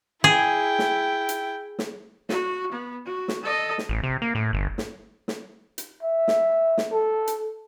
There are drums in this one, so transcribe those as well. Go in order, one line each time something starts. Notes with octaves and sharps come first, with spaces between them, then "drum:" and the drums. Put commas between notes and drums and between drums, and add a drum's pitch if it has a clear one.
E4 G#4 G5
drum: snare
drum: hi-hat
drum: snare
F#4, drum: snare
B3
F#4
drum: snare
A4 D#5
drum: snare
A1
C3
A#3
A2
G1
drum: snare
drum: snare
drum: hi-hat
E5
drum: snare
drum: snare
A4
drum: hi-hat